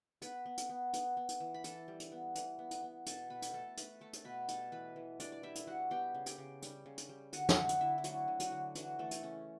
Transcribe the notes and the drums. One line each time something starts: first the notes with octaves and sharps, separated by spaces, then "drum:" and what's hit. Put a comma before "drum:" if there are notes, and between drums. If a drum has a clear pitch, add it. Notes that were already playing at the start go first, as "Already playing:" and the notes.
B3 B4 B5, drum: hi-hat
B3
drum: hi-hat
B3
B3, drum: hi-hat
B3
drum: hi-hat
E3
B5
E3 A4 A5, drum: hi-hat
G3
drum: hi-hat
B3
E3, drum: hi-hat
B3
drum: hi-hat
B3
B2 A4 A5, drum: hi-hat
B2 B4 B5
drum: hi-hat
A3 A4 A5
A3 B4 B5, drum: hi-hat
A3 A4 A5
drum: hi-hat
B2 B4 B5
G3 A4 A5, drum: hi-hat
E3 B4 B5
E3
G3 D4 D5, drum: hi-hat
D5
G3 E4 E5
drum: hi-hat
G3 F#4 F#5
B3 G4 G5
C#3
G4 G5, drum: hi-hat
C#3
G3, drum: hi-hat
C#3
drum: hi-hat
G3
D3 F#4 F#5, drum: hi-hat
E5, drum: snare
D3 F#4 F#5
drum: hi-hat
D3 E4 E5
E4
F#3 A3 F#4, drum: hi-hat
D3
F#3 F#4, drum: hi-hat
D3
E3 F#3 F#4, drum: hi-hat
E3 A3 A4
drum: hi-hat
C#3 C#4